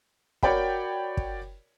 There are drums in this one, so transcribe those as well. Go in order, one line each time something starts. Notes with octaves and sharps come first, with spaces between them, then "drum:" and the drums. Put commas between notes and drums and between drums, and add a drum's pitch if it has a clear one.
F#4 A#4 C#5 D5 G5 B5, drum: kick
drum: kick